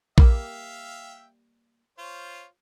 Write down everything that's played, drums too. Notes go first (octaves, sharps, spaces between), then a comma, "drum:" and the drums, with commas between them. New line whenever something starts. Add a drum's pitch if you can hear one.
G3 A#3 G4 E5 F5 G5, drum: kick A#1
F4 C5 C#5